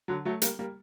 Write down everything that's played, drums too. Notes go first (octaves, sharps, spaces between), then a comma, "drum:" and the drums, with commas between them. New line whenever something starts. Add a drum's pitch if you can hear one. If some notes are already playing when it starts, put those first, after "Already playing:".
D3 F#3
F#3 A3
G3 A#3, drum: hi-hat
G3 A#3